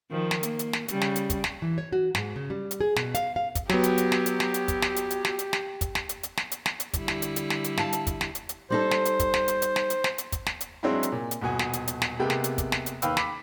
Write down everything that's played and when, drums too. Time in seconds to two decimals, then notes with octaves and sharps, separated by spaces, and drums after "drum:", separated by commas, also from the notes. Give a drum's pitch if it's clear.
0.11 D#3 F3
0.31 drum: snare
0.43 A#3, drum: hi-hat
0.59 drum: hi-hat
0.73 drum: snare
0.88 C#3 G3, drum: hi-hat
1.01 drum: snare
1.16 drum: hi-hat
1.30 drum: kick, hi-hat
1.44 drum: snare
1.62 E3
1.78 C#5
1.93 F#4
2.15 G#2, drum: snare
2.36 C#3
2.50 G3
2.71 drum: hi-hat
2.81 G#4
2.96 B2, drum: snare
3.15 F5, drum: hi-hat
3.36 F5
3.55 drum: kick, hi-hat
3.69 F#3 B3 G4, drum: snare
3.84 drum: hi-hat
3.98 drum: hi-hat
4.12 drum: snare
4.26 drum: hi-hat
4.40 drum: snare
4.54 drum: hi-hat
4.68 drum: kick, hi-hat
4.82 drum: snare
4.96 drum: hi-hat
5.10 drum: hi-hat
5.25 drum: snare
5.39 drum: hi-hat
5.53 drum: snare
5.81 drum: kick, hi-hat
5.95 drum: snare
6.09 drum: hi-hat
6.23 drum: hi-hat
6.37 drum: snare
6.52 drum: hi-hat
6.66 drum: snare
6.80 drum: hi-hat
6.93 D3 G3 E4, drum: kick, hi-hat
7.08 drum: snare
7.22 drum: hi-hat
7.36 drum: hi-hat
7.50 drum: snare
7.64 drum: hi-hat
7.77 F5 A5, drum: snare
7.93 drum: hi-hat
8.07 drum: kick, hi-hat
8.21 drum: snare
8.35 drum: hi-hat
8.49 drum: hi-hat
8.70 G3 D#4 A4 C5
8.91 drum: snare
9.05 drum: hi-hat
9.19 drum: kick, hi-hat
9.34 drum: snare
9.48 drum: hi-hat
9.62 drum: hi-hat
9.76 drum: snare
9.90 drum: hi-hat
10.04 drum: snare
10.18 drum: hi-hat
10.32 drum: kick, hi-hat
10.46 drum: snare
10.61 drum: hi-hat
10.83 F#3 G#3 C4 D4 E4
11.03 drum: hi-hat
11.12 A#2
11.31 drum: hi-hat
11.41 D#1 B2 F#4 G#5
11.59 drum: snare
11.73 drum: hi-hat
11.87 drum: hi-hat
12.02 drum: snare
12.19 C3 G#3 A#3 B3 G4
12.30 drum: snare
12.44 drum: hi-hat
12.58 drum: kick, hi-hat
12.72 drum: snare
12.86 drum: hi-hat
13.02 D#2 B4 F5 G5 B5 E6, drum: hi-hat
13.17 B5 D6 B6, drum: snare